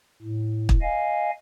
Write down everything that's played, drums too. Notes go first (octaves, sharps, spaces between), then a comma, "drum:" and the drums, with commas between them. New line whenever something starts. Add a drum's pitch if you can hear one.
A2
drum: kick
D#5 F5 G#5